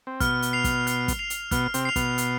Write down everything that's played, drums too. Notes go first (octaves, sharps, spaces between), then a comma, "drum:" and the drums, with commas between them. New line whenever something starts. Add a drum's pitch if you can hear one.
C4
B2 B3 F6, drum: kick, hi-hat
drum: hi-hat
C7 F7
drum: kick, hi-hat
F6, drum: hi-hat
drum: kick, hi-hat
C7 F7
drum: hi-hat
B2 B3 F6, drum: kick, hi-hat
C3 C4, drum: hi-hat
C7 F7
B2 B3, drum: kick, hi-hat
F6, drum: hi-hat